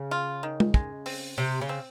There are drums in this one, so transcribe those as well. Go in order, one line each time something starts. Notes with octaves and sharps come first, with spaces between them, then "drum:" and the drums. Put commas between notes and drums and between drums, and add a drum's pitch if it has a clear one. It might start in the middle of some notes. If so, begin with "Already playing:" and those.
Already playing: C#3
F4
D#3
drum: tom G#3
G#3, drum: kick
C4, drum: open hi-hat
C3 G4
C#3
C4